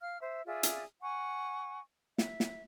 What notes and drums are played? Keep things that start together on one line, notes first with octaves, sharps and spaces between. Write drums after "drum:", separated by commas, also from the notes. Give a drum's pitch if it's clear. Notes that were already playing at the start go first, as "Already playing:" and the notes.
F5 F6
C5 E5
F4 G#4 D5 E5
drum: hi-hat
F#5 G#5 C#6
E5, drum: snare
drum: snare